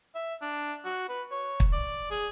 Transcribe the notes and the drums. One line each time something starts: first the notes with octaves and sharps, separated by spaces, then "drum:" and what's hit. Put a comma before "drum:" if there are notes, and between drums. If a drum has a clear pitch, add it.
E5
D4
F#4
B4
C#5
drum: kick
D5
G#4